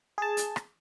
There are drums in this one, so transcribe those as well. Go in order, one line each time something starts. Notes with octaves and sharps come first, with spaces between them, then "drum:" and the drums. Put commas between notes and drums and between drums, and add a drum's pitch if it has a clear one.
G#4 A5
drum: hi-hat
drum: rim click